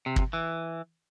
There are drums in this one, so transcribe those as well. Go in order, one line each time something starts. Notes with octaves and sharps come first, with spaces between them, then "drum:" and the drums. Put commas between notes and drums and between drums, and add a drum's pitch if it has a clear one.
C3
drum: kick
E3